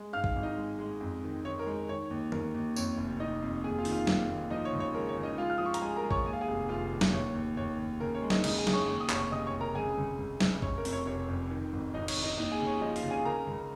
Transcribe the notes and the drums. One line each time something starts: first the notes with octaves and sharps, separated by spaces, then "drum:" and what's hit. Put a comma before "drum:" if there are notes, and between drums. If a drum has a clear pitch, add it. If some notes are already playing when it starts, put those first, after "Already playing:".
Already playing: G#3
G#2 F5 F6
drum: kick A1
G#1
D#4 D#5
G#3
G#3
F2
D#3
D#3 C#5
A#4
G#3
D#3 C#5
D#2
D#2 A#4, drum: tom
D#2
F2 C#5, drum: tambourine
F1
F1 D#4 D#5
F2
D#2 G#4 G#5
F4 F5
D#3, drum: open hi-hat
F4 F5
D#2, drum: snare
D#2
F3 D#4 D#5
C#5
C#2
C#5
G#3 A#4
C#5
C#3
D#4 D#5
G#3 F4 F5
F6
F3 D#6
C#6
A#5, drum: hi-hat
G#3 G#4 G#5
A#4 A#5
G#3
C#5 C#6, drum: kick A1
D#2 G#5
F5
G#4 G#5
F1
F1 F4 F5
D#2
drum: snare
D#2 C#5
D#2
D#2 C#5
D#2
C#3 A#4
C#5
G#3
D#4 D#5, drum: snare
C#2 D#4 D#5, drum: cymbal
G#4 G#5
C#3, drum: snare
C#5 C#6
D#2 C#6
D#6
F1 C#5 C#6, drum: clap
C#3 D#5 D#6
C#5 C#6
F1
A#4 A#5
C#2 G#4 G#5
C#2
C#2
C#2, drum: snare
F1 C#5, drum: kick A1
A#4
F2, drum: open hi-hat
C#5
F1 C#5
F2
D#3
G#1
G#1 D#4 D#5
C#5, drum: cymbal
D#3
D#4 D#5
D#2 D#4 D#5
G#4 G#5
C#3
C#5
F3 D#4 D#5
F4 F5, drum: open hi-hat
C#3
G#4 G#5
C#3 A#4 A#5
C#2